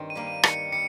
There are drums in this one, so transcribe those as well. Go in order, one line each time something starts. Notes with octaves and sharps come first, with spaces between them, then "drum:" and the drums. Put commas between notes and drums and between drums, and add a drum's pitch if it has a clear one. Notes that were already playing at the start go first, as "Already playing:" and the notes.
Already playing: G2 D#3 C4
D#7
G3 A#3 D#4
D#7
D#3 C#7, drum: rim click
G3 C#7